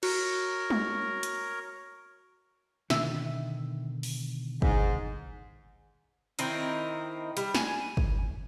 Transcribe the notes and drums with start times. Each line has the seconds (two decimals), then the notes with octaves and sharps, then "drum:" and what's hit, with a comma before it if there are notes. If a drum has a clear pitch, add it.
0.03 F#4 A#4 C#5 A#5, drum: cymbal
0.70 drum: tom G3
1.23 drum: hi-hat
2.90 B2 D3 D#3 E5 E6, drum: snare
4.03 drum: open hi-hat
4.62 G#2, drum: kick
6.39 D#3 C4 D#4 E4, drum: hi-hat
7.37 G3, drum: hi-hat
7.55 G#5, drum: snare
7.97 drum: kick